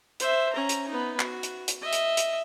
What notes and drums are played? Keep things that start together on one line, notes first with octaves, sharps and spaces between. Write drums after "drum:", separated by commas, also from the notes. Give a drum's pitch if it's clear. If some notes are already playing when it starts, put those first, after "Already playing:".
C5 E5, drum: hi-hat
C#4 A#5
drum: hi-hat
B3 D#4
F#4, drum: clap
drum: hi-hat
drum: hi-hat
D#5 E5
drum: hi-hat
drum: hi-hat